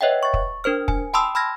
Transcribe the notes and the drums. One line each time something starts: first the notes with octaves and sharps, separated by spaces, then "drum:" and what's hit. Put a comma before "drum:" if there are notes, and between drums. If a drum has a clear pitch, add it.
B4 C#5 D#5 E5 F#5 G5
C#6 A6
drum: kick
D4 A#4 C5 F6
G#5, drum: kick
G5 A5 B5 C6 D#6 E6
B5 E6 F6 G#6 A#6